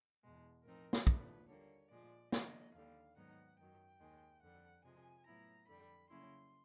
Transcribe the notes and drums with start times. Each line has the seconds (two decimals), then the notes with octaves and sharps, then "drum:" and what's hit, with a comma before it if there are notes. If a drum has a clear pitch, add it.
0.23 E2 B2 G#3
0.64 A2 F3 A3 C4 D#4 A#4
0.93 drum: snare
1.07 D#2 D3 F3 A3 B4, drum: kick
1.48 D3 G3 A#3 C#5
1.90 A#2 F3 G#3 D5
2.32 D3 F3 A3 D4 D#5, drum: snare
2.74 D#2 D3 G3 F5
3.16 G#2 D#3 F#3 B3 D#4 F#5
3.58 F#2 D#3 F#3 G5
4.00 D#2 D#3 G#3
4.42 F2 D3 G3 F#5
4.84 C3 F3 G#3 G#5
5.26 A2 F#3 B3 E4 A#5
5.67 F2 D3 G3 B5
6.09 C#3 F#3 A#3 C#4 E4 C6